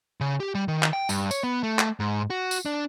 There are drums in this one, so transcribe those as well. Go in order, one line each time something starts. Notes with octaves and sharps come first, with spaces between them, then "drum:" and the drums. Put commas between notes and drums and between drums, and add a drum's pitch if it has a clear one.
C#3
G4
G3
D#3
drum: clap
G5
G2, drum: tambourine
C#5, drum: tambourine
B3
A3
drum: clap
G#2
F#4
drum: tambourine
D4